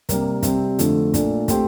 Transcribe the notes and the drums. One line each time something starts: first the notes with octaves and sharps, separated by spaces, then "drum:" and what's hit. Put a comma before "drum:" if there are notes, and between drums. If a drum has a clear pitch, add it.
C3 G3 A#3, drum: kick, hi-hat
C3 G3 C4, drum: kick, hi-hat
F2 D3 A3, drum: hi-hat
A#2 A3 D4, drum: kick, hi-hat
A3 C4 G4 C5, drum: kick, hi-hat